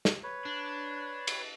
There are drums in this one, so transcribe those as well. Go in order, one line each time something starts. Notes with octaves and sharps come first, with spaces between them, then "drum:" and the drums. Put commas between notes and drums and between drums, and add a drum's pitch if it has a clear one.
drum: snare
B4 C#5
D4
drum: cymbal